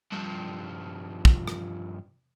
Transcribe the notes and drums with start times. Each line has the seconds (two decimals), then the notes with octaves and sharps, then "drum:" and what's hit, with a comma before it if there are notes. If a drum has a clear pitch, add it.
0.12 G2 F3
1.25 drum: kick
1.48 drum: rim click